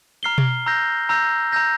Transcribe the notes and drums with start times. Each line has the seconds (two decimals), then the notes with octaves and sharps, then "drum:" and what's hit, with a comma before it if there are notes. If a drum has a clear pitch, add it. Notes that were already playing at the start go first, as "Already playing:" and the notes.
0.23 A#5 F6 C7 G7
0.38 drum: tom B2
0.66 A#5 E6 G6 A#6
1.09 A#5 E6 G6 A#6
1.52 A#5 E6 G6 A#6